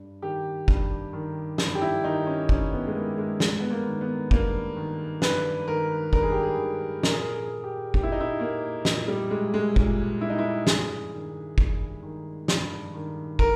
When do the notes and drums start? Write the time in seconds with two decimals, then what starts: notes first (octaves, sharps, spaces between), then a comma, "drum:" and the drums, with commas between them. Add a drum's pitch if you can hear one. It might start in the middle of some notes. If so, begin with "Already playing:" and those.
Already playing: G2
0.22 D#3 G4
0.68 G2, drum: kick
1.13 D#3
1.58 G2, drum: snare
1.75 G4
1.82 E4
2.04 D#3 D#4
2.27 C#4
2.49 G2 C#4, drum: kick
2.72 B3
2.87 G#3
2.94 D#3 A#3
3.18 G#3
3.40 G2 G#3, drum: snare
3.60 B3
3.71 A#3
3.86 D#3
4.01 B3
4.31 G2 A#3, drum: kick
4.76 D#3
5.22 G2 B4, drum: snare
5.67 D#3 A#4
6.13 G2 A#4, drum: kick
6.23 G#4
6.32 G4
6.43 G#4
6.58 D#3
7.03 A#2 A#4, drum: snare
7.11 G#4
7.19 A#4
7.34 G#4
7.64 G4
7.94 A#2 G4, drum: kick
8.03 E4
8.12 D#4
8.20 E4
8.40 A#3
8.85 A#2, drum: snare
9.08 G3
9.31 G#3
9.54 G#3
9.76 A#2, drum: kick
10.21 E4
10.30 D#4
10.38 E4
10.67 G2 G#4, drum: snare
11.12 D#3
11.58 G2, drum: kick
12.03 D#3
12.48 G2, drum: snare
12.94 D#3
13.39 A#4, drum: kick